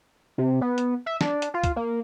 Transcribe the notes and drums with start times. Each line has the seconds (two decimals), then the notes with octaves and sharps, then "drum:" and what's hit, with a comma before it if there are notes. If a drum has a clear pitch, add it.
0.38 C3
0.61 B3
0.78 drum: hi-hat
1.06 E5
1.21 D4, drum: snare
1.42 drum: hi-hat
1.54 F4
1.64 drum: kick C#2, hi-hat
1.76 A#3